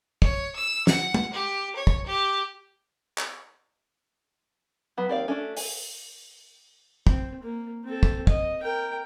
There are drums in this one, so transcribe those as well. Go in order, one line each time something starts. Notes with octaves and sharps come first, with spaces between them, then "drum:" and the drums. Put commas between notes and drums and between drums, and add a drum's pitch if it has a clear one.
C#5, drum: kick
E6
F#5, drum: snare
drum: tom
G4
C#5
drum: kick
G4
drum: clap
F#3 B3
D#2 C4 D5 F5
A3 C#4 D4 F#4
G#5, drum: open hi-hat
C4, drum: kick
A#3
C4 A4
drum: kick
D#5, drum: kick
A#4 G5